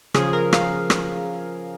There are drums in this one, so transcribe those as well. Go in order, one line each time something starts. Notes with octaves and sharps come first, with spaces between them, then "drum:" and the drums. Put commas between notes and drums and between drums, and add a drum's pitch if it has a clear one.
C#3 F3 G#4, drum: rim click
A#4
F5, drum: rim click
drum: rim click